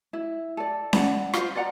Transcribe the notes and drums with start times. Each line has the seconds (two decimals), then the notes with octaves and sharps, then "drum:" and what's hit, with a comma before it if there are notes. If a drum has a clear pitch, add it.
0.13 E4
0.57 A4 D5
0.93 D5 F#5, drum: snare C#4
1.33 F4 C5, drum: rim click
1.56 D5 D#5 F#5 A#5